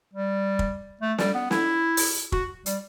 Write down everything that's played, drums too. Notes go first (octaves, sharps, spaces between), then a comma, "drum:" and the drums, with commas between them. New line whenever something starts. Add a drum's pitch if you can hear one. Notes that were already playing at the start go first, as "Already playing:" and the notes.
G3
drum: kick
A3
G3, drum: snare
B3
E4, drum: snare
drum: open hi-hat
F#4, drum: kick
G3, drum: hi-hat